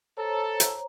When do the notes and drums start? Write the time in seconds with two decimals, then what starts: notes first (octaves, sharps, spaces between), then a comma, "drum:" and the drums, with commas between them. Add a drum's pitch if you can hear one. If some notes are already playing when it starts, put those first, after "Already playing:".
0.17 A4 C5 C#5 A#5
0.60 drum: hi-hat